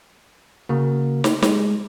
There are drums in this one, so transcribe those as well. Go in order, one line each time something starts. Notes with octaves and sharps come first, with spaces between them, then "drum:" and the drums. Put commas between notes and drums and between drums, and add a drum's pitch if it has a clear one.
C#3 A#3 F#4 A#4
drum: snare
G#3, drum: snare